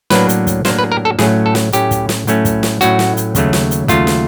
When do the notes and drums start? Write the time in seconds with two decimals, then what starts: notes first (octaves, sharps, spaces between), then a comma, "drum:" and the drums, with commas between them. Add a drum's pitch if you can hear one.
0.10 A2 F#3 A#3 D4 B4, drum: snare
0.29 drum: hi-hat
0.47 drum: kick, hi-hat
0.65 A2 F#3 A#3 D4 C5, drum: snare
0.79 B4
0.92 A#4
1.05 A4
1.19 A2 F#3 A3 C#4 G#4, drum: snare
1.46 A4
1.55 drum: snare
1.73 A2 F#3 A3 C#4 G4, drum: hi-hat
1.91 drum: kick, hi-hat
2.09 drum: snare
2.27 A2 F#3 A3 C#4, drum: hi-hat
2.45 drum: kick, hi-hat
2.63 drum: snare
2.81 A2 F#3 A3 C#4 F#4, drum: hi-hat
2.99 drum: snare
3.17 drum: hi-hat
3.35 D#2 C#3 F#3 A3, drum: kick, hi-hat
3.53 drum: snare
3.71 drum: hi-hat
3.88 D#2 C#3 F#3 A3 F4, drum: kick, hi-hat
4.07 drum: snare